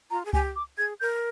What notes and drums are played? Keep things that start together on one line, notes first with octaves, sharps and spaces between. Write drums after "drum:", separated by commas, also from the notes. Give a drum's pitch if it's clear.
F4 A#5
G#4
G4 G#5, drum: kick C#2
D6
G#4 G#6
A#4 G6